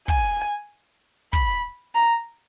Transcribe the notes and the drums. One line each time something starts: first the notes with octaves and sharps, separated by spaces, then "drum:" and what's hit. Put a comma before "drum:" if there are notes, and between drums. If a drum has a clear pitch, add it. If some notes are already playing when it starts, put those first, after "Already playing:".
G#5, drum: kick
B5, drum: kick
A#5